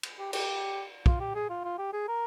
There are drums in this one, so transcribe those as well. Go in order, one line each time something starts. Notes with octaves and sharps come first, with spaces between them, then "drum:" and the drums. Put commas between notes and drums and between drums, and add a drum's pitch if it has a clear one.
drum: cymbal
G4
G4, drum: cymbal
F4, drum: kick
G4
G#4
F4
F4
G4
G#4
A#4